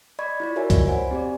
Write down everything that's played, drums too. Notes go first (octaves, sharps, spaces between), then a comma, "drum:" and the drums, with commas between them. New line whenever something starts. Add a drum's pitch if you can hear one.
D5 D#5 B5 C#6 G#6
E4 F4 D5
F#4 A#4 C#5 E5 G#5
drum: kick C2, hi-hat
C5 F#5 G#5 B5
C4 G4 D5